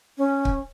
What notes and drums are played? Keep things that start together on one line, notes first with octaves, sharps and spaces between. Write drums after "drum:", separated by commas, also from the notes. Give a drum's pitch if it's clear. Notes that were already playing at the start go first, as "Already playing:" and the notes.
C#4
drum: kick